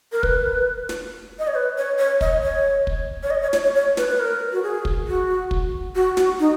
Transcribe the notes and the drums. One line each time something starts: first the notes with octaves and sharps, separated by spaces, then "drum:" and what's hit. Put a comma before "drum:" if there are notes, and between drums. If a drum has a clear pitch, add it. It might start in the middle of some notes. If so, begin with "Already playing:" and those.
A#4
B4, drum: kick
drum: snare
D#5
C#5
B4
C#5
C#5
D#5, drum: kick
C#5
drum: kick
C#5
D#5
C#5
C#5, drum: snare
C#5
C#5
B4, drum: snare
B4
A#4
F#4
G#4
drum: kick
F#4
drum: kick
F#4
F#4, drum: snare
D#4